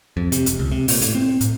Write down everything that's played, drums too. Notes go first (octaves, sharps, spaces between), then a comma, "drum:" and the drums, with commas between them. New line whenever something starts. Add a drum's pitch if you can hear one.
F2
C3, drum: hi-hat
E1, drum: hi-hat
C#2
C3
A#2, drum: open hi-hat
A2, drum: hi-hat
C4
A2, drum: hi-hat